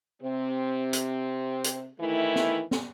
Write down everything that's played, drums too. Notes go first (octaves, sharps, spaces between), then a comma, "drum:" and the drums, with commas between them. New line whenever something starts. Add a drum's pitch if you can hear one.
C3 C4
drum: hi-hat
drum: hi-hat
D#3 E3 A3 E4
drum: snare
drum: snare